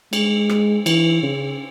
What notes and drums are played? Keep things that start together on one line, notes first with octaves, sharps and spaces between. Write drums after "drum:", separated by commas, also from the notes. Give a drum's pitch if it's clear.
G#3, drum: cymbal
drum: rim click
E3, drum: cymbal
C#3